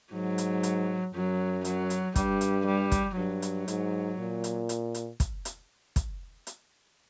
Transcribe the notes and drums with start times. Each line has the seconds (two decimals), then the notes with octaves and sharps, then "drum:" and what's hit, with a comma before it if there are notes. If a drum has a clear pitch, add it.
0.12 G#2 F#3
0.38 drum: hi-hat
0.63 drum: hi-hat
1.14 F#2 F#3
1.65 F#3, drum: hi-hat
1.90 drum: hi-hat
2.16 G2 G3, drum: kick, hi-hat
2.41 drum: hi-hat
2.66 G3
2.92 drum: kick, hi-hat
3.17 G2 F#3
3.42 drum: hi-hat
3.68 G#2, drum: hi-hat
4.19 A#2
4.44 drum: hi-hat
4.69 drum: hi-hat
4.94 drum: hi-hat
5.20 drum: kick, hi-hat
5.45 drum: hi-hat
5.96 drum: kick, hi-hat
6.47 drum: hi-hat